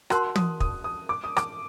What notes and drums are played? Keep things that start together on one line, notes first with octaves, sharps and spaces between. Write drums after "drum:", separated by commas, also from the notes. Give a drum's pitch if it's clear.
F#4 A#4 F#5 A5 C6 F#6, drum: rim click
D#6, drum: tom
D#6, drum: kick
D#6
D6
D#6
D6, drum: rim click